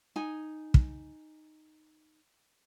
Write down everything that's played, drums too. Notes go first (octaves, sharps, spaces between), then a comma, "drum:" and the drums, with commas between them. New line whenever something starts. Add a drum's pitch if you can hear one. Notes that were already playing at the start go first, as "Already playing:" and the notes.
D#4 G#5
drum: kick